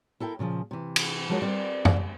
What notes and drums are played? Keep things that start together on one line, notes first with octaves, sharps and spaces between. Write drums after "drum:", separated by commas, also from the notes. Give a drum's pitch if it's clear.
E4 A4 A#4 G5
A#2 C#3 E3 F3
C3 E3
drum: cymbal
E3 F3 G#3 F#4 A#4 C#5
G3 C4 A#4 B4 D5
drum: tom F#2